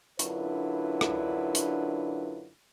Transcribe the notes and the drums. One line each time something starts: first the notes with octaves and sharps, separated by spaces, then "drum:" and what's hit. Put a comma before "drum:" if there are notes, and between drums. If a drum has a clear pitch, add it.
F#2 D3 D4 E4 F4 B4, drum: hi-hat
drum: rim click
drum: hi-hat